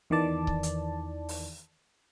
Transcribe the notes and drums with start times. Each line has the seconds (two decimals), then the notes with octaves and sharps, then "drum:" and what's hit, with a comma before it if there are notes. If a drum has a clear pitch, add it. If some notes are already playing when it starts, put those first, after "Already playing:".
0.10 E2 D#3 E3 D5 A5
0.47 drum: kick C#1
0.63 drum: hi-hat
1.29 drum: open hi-hat